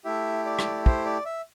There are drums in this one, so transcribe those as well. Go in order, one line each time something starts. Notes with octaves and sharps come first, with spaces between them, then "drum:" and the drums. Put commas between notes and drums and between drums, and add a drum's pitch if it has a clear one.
A3 E4 G4 E5
D5
drum: rim click
C5, drum: kick
D5
E5